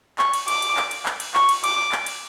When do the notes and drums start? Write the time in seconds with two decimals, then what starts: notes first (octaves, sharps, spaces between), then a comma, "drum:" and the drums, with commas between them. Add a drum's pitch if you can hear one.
0.19 C#6, drum: clap
0.33 drum: cymbal
0.48 D6, drum: cymbal
0.62 drum: cymbal
0.77 drum: clap
0.91 drum: cymbal
1.06 drum: clap
1.20 drum: cymbal
1.34 C#6, drum: clap
1.49 drum: cymbal
1.64 D6, drum: cymbal
1.92 drum: clap
2.06 drum: cymbal